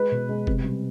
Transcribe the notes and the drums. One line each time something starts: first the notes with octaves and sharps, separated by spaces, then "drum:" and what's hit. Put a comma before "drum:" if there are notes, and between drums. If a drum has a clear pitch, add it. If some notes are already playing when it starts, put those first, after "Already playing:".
Already playing: G#3 B4
B2
G#3
C3, drum: kick F#1
G3